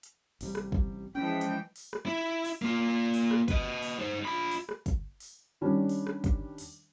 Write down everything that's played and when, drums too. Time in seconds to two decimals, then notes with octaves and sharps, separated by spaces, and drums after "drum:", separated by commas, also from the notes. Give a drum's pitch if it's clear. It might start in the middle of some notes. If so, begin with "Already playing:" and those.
0.03 drum: hi-hat
0.41 A1 C3 G3, drum: open hi-hat
0.55 drum: rim click
0.72 drum: kick
1.15 E3 F3 G#3 C#4 G5
1.41 drum: hi-hat
1.76 drum: open hi-hat
1.93 drum: rim click
2.06 E4
2.45 drum: open hi-hat
2.62 A#3 F4
3.14 drum: open hi-hat
3.31 drum: rim click
3.48 B4 D#5, drum: kick, hi-hat
3.83 drum: open hi-hat
3.99 D#4 C5
4.25 F4 B5
4.51 drum: open hi-hat
4.69 drum: rim click
4.86 drum: kick, hi-hat
5.20 drum: open hi-hat
5.61 D#3 G3 C#4 D4
5.89 drum: open hi-hat
6.07 drum: rim click
6.24 drum: kick, hi-hat
6.58 drum: open hi-hat